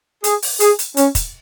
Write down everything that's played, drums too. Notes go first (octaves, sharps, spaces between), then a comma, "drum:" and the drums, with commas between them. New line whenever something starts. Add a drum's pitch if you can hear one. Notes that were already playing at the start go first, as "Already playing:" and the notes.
G#4, drum: hi-hat
drum: open hi-hat
G#4, drum: hi-hat
drum: hi-hat
C#4, drum: hi-hat
drum: kick, hi-hat